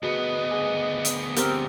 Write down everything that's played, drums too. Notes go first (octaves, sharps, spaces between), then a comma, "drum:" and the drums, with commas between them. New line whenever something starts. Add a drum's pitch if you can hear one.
D2 B3 F#4 G#4 B4 D#5
G#4 G#5 D6
drum: hi-hat
C4 G4 A#4, drum: hi-hat